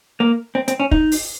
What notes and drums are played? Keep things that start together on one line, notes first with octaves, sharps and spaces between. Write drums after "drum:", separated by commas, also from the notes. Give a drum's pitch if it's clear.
A#3
C4
C4, drum: hi-hat
C#4
D#4, drum: kick
drum: open hi-hat